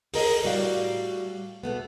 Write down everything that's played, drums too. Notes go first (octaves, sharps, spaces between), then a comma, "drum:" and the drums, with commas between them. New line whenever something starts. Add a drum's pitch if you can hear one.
G#4 A#4 D#5, drum: open hi-hat
A2 G3 F#4 D5 F5
B2 A3 B3